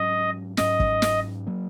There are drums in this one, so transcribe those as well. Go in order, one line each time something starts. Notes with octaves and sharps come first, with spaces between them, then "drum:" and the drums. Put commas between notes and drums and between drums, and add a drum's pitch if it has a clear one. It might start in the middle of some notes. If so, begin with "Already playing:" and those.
Already playing: G#2 F#3 C#4 D#5
G#2 F#3 C#4 D#5, drum: snare
drum: kick
drum: snare
F#3 A#3